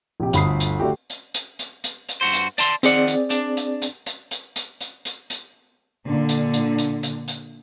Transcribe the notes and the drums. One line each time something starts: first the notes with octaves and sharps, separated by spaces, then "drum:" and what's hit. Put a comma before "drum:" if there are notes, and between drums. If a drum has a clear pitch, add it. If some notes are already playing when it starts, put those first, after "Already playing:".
A#1 C3 G4
G1 D2 B5 D#6 C7, drum: hi-hat
drum: hi-hat
D3 A3 F#4 G4
drum: hi-hat
drum: hi-hat
drum: hi-hat
drum: hi-hat
drum: hi-hat
G2 F#4 C5
drum: hi-hat
D5 A5 C6, drum: hi-hat
D#3 F3 C4 G#4 D5 F#5, drum: hi-hat
drum: hi-hat
D4, drum: hi-hat
drum: hi-hat
drum: hi-hat
drum: hi-hat
drum: hi-hat
drum: hi-hat
drum: hi-hat
drum: hi-hat
drum: hi-hat
A#2 D3
drum: hi-hat
drum: hi-hat
drum: hi-hat
drum: hi-hat
drum: hi-hat